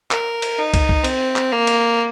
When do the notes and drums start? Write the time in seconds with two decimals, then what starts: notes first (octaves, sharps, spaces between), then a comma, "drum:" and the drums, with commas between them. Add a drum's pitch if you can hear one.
0.11 A#4, drum: clap
0.42 drum: cymbal
0.58 D#4
0.74 drum: kick, cymbal
0.89 drum: kick
1.04 C4, drum: cymbal
1.36 drum: clap
1.52 A#3
1.67 drum: cymbal